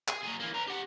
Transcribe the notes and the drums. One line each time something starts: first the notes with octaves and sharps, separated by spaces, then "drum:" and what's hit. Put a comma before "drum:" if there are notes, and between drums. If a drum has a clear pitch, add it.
G#4, drum: clap
F#3 G#4
E3 A#3
B4 A#5
G4 F#5